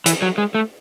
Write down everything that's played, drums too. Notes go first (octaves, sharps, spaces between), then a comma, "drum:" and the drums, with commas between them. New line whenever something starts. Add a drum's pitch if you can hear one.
E3, drum: hi-hat
F#3
G#3
A3